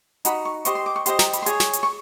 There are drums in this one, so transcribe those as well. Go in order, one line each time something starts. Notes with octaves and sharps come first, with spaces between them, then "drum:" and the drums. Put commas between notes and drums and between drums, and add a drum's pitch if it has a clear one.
D#4 F#4 B5, drum: hi-hat
C#6
G4 C5 D#5 C#6, drum: hi-hat
C6
D6
C#6
G4 C5 D#5 C6, drum: hi-hat
A#5, drum: snare
B5, drum: hi-hat
C6
G#4 C#5 C#6, drum: hi-hat
drum: snare
drum: hi-hat
C#6